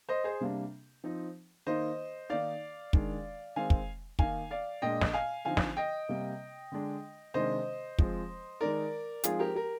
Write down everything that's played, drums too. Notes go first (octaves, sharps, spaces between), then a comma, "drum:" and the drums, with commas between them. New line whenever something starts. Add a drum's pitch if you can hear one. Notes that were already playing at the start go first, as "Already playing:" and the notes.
C5 D#5
G#4 C5
C3 G3 A#3 D4
F3 C4 D#4
D#3 A#3 D#4 C5 D#5
D#3 A#3 D#4 D5 F5
D#3 G#3 D4, drum: kick
D#3 G#3 C4 F5 G#5
drum: kick
D#3 A#3 D#4 F5 G#5, drum: kick
D5 F5
A#2 G#3 D4 D#5 G5
drum: snare
F5 G#5
D3 F3 C4 D#4 F5 G#5
drum: snare
D#5 G5
C3 G3 A#3
D3 G#3 D4
C3 D#3 G#3 D4 C5 D#5
F3 G#3 C4, drum: kick
D#3 G#3 D#4 A#4 D5
F3 G#3 C4 D#4 F4 G#4, drum: hi-hat
G4 A#4
G4 A#4